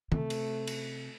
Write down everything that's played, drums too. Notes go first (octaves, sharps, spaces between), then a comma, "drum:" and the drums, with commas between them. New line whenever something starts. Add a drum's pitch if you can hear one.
C3 A3, drum: tom
drum: cymbal
drum: cymbal